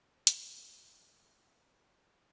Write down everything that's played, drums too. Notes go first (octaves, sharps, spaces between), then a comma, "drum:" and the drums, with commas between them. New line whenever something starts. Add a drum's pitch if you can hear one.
G#3
drum: hi-hat
F2
G#3
G#3
C#3
C#2
C#4